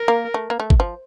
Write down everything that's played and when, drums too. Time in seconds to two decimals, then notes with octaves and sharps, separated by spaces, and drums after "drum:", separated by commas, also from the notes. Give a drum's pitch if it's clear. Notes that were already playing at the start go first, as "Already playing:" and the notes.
Already playing: A#4
0.08 A#3
0.34 A3
0.50 A#3
0.60 A3
0.70 drum: kick
0.80 F3